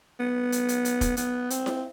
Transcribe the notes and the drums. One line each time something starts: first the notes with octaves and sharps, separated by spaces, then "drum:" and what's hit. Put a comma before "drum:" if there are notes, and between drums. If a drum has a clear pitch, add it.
B3
drum: hi-hat
drum: hi-hat
drum: hi-hat
drum: kick, hi-hat
B3, drum: hi-hat
C4, drum: hi-hat
drum: snare E4